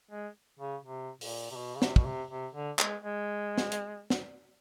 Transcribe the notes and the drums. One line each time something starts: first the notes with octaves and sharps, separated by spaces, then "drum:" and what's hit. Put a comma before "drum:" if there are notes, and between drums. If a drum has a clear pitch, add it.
G#3
C#3
C3
A#2, drum: open hi-hat
C3
B2
C#3
C3, drum: snare
B2, drum: kick
C3
C3
D3
G#3, drum: clap
G#3
drum: snare
drum: hi-hat
drum: snare